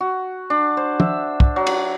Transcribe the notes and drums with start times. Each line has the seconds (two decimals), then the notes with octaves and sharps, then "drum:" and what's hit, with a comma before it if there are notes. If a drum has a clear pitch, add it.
0.01 F#4
0.50 D4
0.77 C5
1.00 E5, drum: tom
1.40 drum: kick
1.56 F#3
1.67 drum: cymbal